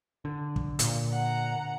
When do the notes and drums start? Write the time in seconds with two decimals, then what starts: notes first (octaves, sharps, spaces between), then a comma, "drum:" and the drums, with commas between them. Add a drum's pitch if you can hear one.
0.25 D3
0.56 drum: kick
0.79 A#2, drum: hi-hat
1.13 F#5 A#5